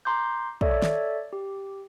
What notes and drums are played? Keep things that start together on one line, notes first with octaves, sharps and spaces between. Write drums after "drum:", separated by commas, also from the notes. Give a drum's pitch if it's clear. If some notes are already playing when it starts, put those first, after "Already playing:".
A#5 C6 D6 G6
A4 C#5 D5 E5, drum: kick
drum: snare
G4